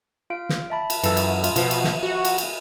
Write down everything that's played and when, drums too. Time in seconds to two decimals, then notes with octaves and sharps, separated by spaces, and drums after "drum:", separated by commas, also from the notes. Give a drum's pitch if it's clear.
0.30 F4 F5 D7
0.49 drum: snare
0.70 E5 A5 B5
0.90 drum: cymbal
1.03 F#2 E3 A4, drum: cymbal
1.17 drum: cymbal
1.44 F4, drum: cymbal
1.56 B2 F3 B3 F4, drum: cymbal
1.71 drum: cymbal
1.84 drum: snare
2.03 F#4
2.25 drum: cymbal
2.38 drum: cymbal